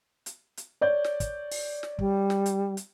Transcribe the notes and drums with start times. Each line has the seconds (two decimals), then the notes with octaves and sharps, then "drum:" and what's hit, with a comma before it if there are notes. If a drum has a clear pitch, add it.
0.26 drum: hi-hat
0.57 drum: hi-hat
0.81 C#5 D5 G6
1.04 drum: snare
1.20 drum: kick, hi-hat
1.52 drum: open hi-hat
1.83 drum: snare
1.99 G3, drum: kick
2.30 drum: snare
2.46 drum: hi-hat
2.77 drum: hi-hat